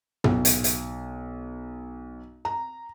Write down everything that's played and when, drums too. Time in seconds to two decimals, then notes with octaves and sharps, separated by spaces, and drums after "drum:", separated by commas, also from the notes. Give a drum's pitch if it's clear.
0.24 B1, drum: tom
0.45 drum: hi-hat
0.64 drum: hi-hat
2.45 A#5